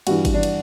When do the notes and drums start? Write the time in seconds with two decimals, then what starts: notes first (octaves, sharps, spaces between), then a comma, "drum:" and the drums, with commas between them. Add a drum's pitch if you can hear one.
0.07 G2 E3 G3 F#4, drum: cymbal
0.25 drum: kick G#1, cymbal
0.34 D4
0.43 drum: cymbal